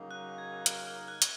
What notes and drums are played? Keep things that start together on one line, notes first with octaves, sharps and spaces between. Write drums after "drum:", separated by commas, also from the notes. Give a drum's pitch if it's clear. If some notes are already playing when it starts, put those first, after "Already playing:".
Already playing: C#3 F#3 A#3 D#4
F#6
G#6
F6, drum: hi-hat
F6
F#6
drum: hi-hat